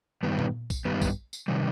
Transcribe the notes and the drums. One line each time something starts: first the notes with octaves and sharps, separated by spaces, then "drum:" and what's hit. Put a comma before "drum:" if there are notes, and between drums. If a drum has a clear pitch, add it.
G2 D#3 G3 B3
drum: tom A#2
drum: kick B1, tambourine
G2 D#3 G3 B3
drum: kick B1, tambourine
drum: tambourine
C3 D#3 G3